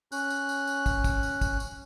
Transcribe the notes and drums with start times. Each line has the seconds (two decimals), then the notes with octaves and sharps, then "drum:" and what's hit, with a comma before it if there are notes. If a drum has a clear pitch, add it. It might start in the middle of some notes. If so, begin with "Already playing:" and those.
0.12 C#4 F#6, drum: tambourine
0.30 drum: tambourine
0.49 drum: tambourine
0.67 drum: tambourine
0.86 drum: kick, tambourine
1.04 drum: kick, tambourine
1.23 drum: tambourine
1.41 drum: kick, tambourine
1.60 drum: tambourine